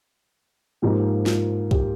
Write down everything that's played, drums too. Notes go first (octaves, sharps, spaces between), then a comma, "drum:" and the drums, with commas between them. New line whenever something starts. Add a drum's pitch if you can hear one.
G#2 F3 A#3 D#4 G4
F4, drum: snare
G4, drum: kick B1